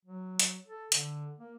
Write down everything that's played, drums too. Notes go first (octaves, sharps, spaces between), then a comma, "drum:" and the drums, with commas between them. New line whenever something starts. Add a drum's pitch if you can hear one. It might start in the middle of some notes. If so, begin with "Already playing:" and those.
F#3
drum: hi-hat
A4
D3, drum: hi-hat
A#3